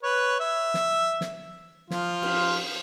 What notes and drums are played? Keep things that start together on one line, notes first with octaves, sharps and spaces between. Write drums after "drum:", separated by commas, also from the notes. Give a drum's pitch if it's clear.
B4 C#5
E5
drum: snare
drum: snare
F3 F4, drum: snare
drum: cymbal